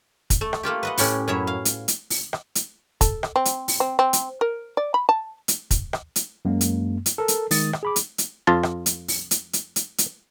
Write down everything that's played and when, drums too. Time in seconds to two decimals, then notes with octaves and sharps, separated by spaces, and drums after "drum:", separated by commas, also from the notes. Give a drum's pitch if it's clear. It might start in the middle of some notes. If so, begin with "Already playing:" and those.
0.30 drum: kick, hi-hat
0.41 A3
0.53 drum: rim click
0.63 A3 A#3 F4 G4
0.83 B4 D#5 F#5
0.98 A2 C#4 G4 F#5, drum: open hi-hat
1.28 F#2 F#3 E4 C#5 E5
1.47 F5
1.65 drum: hi-hat
1.88 drum: hi-hat
2.10 drum: open hi-hat
2.33 drum: rim click
2.55 drum: hi-hat
3.01 A4, drum: kick, hi-hat
3.23 drum: rim click
3.36 C4
3.45 drum: hi-hat
3.68 drum: open hi-hat
3.80 C4
3.99 C4
4.13 drum: hi-hat
4.41 A#4
4.77 D5
4.94 B5
5.09 A5
5.48 drum: hi-hat
5.71 drum: kick, hi-hat
5.93 drum: rim click
6.16 drum: hi-hat
6.45 F#2 G#3 A#3
6.61 drum: hi-hat
7.06 drum: hi-hat
7.18 A4 A#4
7.28 drum: hi-hat
7.51 D#3 G#3 D#6 A6, drum: open hi-hat
7.73 drum: rim click
7.83 G#4 B5 D6
7.96 drum: hi-hat
8.18 drum: hi-hat
8.47 F2 F4 A5
8.63 drum: rim click
8.86 drum: hi-hat
9.08 drum: open hi-hat
9.31 drum: hi-hat
9.53 drum: hi-hat
9.76 drum: hi-hat
9.98 drum: hi-hat